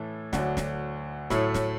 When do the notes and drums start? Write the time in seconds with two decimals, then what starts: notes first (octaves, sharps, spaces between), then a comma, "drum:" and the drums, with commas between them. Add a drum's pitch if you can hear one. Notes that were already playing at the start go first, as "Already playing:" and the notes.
Already playing: A2 E3 A3
0.33 D2 D3 F#3, drum: snare
0.57 drum: snare
1.30 A2 F#3 A3, drum: snare
1.54 drum: snare